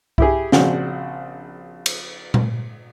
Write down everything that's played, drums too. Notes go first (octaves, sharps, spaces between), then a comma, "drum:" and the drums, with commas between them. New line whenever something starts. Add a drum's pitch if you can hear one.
E4 G4 G#4, drum: kick C2
A#1 C#3 C4 D4 F#4 F#5, drum: snare
drum: cymbal
drum: tom A#2